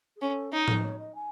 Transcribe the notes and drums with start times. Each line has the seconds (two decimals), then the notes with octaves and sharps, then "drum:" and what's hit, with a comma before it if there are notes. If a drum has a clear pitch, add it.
0.16 G#4
0.21 C#4 A4
0.53 D#4 C#5
0.68 A4, drum: tom A2
0.79 C5
0.83 C#5
0.99 D#5
1.15 G#5